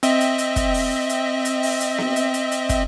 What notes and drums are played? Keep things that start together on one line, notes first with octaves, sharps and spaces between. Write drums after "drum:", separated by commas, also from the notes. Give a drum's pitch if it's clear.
C4 D#5 E5, drum: hi-hat
drum: hi-hat
drum: hi-hat
drum: kick, hi-hat
drum: open hi-hat
drum: hi-hat
drum: hi-hat
drum: open hi-hat
drum: hi-hat
drum: snare B3
drum: hi-hat
drum: hi-hat
drum: hi-hat
drum: kick, hi-hat